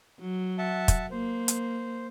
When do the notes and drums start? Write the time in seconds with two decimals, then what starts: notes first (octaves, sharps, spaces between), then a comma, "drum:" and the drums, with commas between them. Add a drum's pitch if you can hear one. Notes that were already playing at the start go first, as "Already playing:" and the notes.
0.20 F#3
0.58 E5 F#5 A5
0.88 drum: kick, hi-hat
1.11 A#3 C5
1.48 drum: hi-hat